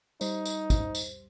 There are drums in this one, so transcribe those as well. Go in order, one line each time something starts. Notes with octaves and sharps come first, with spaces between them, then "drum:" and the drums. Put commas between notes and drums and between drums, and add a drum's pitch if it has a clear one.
G3 D#4 C5, drum: tambourine
drum: tambourine
drum: kick, tambourine
drum: tambourine